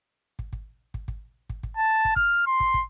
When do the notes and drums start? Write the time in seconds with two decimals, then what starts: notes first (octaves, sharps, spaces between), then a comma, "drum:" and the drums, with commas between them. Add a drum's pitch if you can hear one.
0.39 drum: kick
0.53 drum: kick
0.94 drum: kick
1.08 drum: kick
1.50 drum: kick
1.63 drum: kick
1.77 A5
2.05 drum: kick
2.16 F6, drum: kick
2.47 C6
2.60 drum: kick
2.74 drum: kick